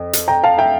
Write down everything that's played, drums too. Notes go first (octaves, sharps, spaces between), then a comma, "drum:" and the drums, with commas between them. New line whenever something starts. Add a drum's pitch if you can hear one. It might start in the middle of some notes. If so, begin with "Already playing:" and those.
Already playing: F2
drum: hi-hat
G5 A#5
F5 A5
E5 G5